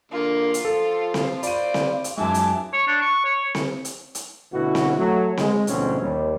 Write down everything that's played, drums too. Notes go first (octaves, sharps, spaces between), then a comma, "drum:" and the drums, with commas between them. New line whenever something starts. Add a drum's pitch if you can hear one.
D3 A#3 F4
drum: hi-hat
F3 A4
drum: snare C4
C5 D5 F5 B5 D#7, drum: hi-hat
drum: snare C4
drum: hi-hat
F#2 G#3 D#4 E5 G#5 A5 D6
drum: hi-hat
C#5
D4
C#6
C#5
drum: snare C4
drum: hi-hat
drum: hi-hat
A1 B2 D3 E4 F#4
drum: snare C4
F#3 A3 F#4
G#3, drum: snare C4
D2 G#2 B2 F3 C4 C#4, drum: hi-hat
D#2 G3